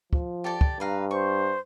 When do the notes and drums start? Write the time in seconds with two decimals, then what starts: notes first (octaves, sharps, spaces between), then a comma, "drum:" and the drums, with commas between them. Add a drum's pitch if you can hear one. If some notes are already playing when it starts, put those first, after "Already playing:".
0.13 F3, drum: kick
0.44 G4 A4 D5
0.61 drum: kick
0.80 G2 B4 F5 A#5
1.11 C5 C#6